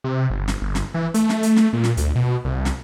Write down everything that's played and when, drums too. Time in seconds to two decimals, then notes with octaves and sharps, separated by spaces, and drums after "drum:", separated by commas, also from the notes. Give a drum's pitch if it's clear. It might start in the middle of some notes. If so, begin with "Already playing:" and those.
0.04 C3
0.30 G1
0.48 drum: snare
0.62 G1
0.75 drum: snare
0.94 E3
1.14 A3, drum: hi-hat
1.29 drum: snare
1.43 drum: hi-hat
1.56 drum: snare
1.73 A#2
1.84 drum: snare
1.97 D2, drum: hi-hat
2.16 B2
2.45 C2
2.65 drum: snare